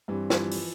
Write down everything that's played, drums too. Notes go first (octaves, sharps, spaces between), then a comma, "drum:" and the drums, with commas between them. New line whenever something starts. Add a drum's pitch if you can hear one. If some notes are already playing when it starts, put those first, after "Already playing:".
G2 E3 G3 C4
E3, drum: snare
F3
drum: open hi-hat